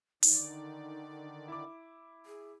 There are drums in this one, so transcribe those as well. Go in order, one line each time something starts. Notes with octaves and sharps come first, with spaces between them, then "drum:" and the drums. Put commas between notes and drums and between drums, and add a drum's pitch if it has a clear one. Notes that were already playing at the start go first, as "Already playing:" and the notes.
D3 D#3 D#4 D5, drum: open hi-hat
E4 D6
G#4